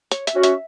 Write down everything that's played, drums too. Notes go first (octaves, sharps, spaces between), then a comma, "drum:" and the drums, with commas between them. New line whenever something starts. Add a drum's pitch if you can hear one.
C#5, drum: hi-hat
E5, drum: hi-hat
C#4 F#4
E5, drum: hi-hat